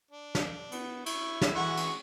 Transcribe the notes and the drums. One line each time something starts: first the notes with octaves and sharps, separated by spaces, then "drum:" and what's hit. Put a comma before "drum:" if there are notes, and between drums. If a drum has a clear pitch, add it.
D4
drum: snare
B3, drum: cymbal
E4 C#6, drum: cymbal
drum: snare
E3 G#3 F#4 F#5 C#6
drum: cymbal